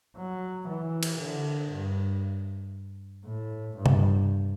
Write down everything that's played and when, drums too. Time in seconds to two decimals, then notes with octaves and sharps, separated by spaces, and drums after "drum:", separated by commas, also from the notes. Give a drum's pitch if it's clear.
0.17 F#3
0.68 E3
1.03 drum: cymbal
1.19 D3
1.71 G2
3.25 A2
3.76 G2
3.86 drum: tom